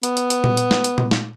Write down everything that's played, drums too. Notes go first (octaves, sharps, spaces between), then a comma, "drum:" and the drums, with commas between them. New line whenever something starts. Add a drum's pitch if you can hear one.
B3, drum: hi-hat
drum: hi-hat
drum: hi-hat
drum: tom A#2
drum: hi-hat
drum: snare
drum: hi-hat
drum: tom A#2
drum: snare